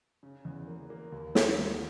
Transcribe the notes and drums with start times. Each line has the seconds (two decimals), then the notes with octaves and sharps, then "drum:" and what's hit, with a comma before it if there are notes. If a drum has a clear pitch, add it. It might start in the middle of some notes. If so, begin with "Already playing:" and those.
0.23 C#3
0.45 E2
0.68 A#3
0.90 A#3
1.12 D#2
1.35 D#2, drum: snare
1.58 D#3